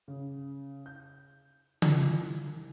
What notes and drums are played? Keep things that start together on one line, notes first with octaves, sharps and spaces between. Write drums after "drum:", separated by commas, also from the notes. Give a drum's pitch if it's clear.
C#3
G6
F4, drum: tom C#3
C2